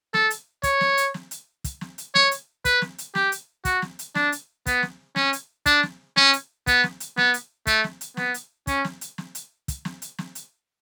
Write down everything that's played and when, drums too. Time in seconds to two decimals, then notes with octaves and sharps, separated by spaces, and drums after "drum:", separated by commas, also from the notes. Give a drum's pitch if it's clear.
0.14 A4, drum: snare
0.30 drum: hi-hat
0.63 C#5, drum: kick, hi-hat
0.81 drum: snare
0.97 drum: hi-hat
1.14 drum: snare
1.31 drum: hi-hat
1.64 drum: kick, hi-hat
1.81 drum: snare
1.98 drum: hi-hat
2.15 C#5, drum: snare
2.31 drum: hi-hat
2.65 B4, drum: kick, hi-hat
2.82 drum: snare
2.98 drum: hi-hat
3.15 G4, drum: snare
3.32 drum: hi-hat
3.65 F#4, drum: kick, hi-hat
3.82 drum: snare
3.99 drum: hi-hat
4.15 D4, drum: snare
4.32 drum: hi-hat
4.66 B3, drum: kick, hi-hat
4.83 drum: snare
5.16 C#4, drum: snare
5.33 drum: hi-hat
5.66 D4, drum: kick, hi-hat
5.83 drum: snare
6.16 C#4, drum: snare
6.33 drum: hi-hat
6.67 B3, drum: kick, hi-hat
6.84 drum: snare
7.00 drum: hi-hat
7.17 B3, drum: snare
7.34 drum: hi-hat
7.67 A3, drum: kick, hi-hat
7.84 drum: snare
8.01 drum: hi-hat
8.17 B3, drum: snare
8.34 drum: hi-hat
8.67 C#4, drum: kick, hi-hat
8.84 drum: snare
9.01 drum: hi-hat
9.18 drum: snare
9.35 drum: hi-hat
9.68 drum: kick, hi-hat
9.85 drum: snare
10.02 drum: hi-hat
10.18 drum: snare
10.35 drum: hi-hat